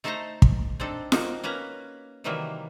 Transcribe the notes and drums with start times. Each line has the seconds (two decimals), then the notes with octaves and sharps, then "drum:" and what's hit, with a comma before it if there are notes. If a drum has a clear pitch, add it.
0.04 A3 D#4 A4 C5 A5 A#5
0.42 drum: kick
0.80 C4 D4 D#4 A4
1.12 A#3 C4 D#4 F#4, drum: snare F4
1.44 A#3 C#4 B4 A#5
2.24 C3 D#3 E3 F#3 G3 A#3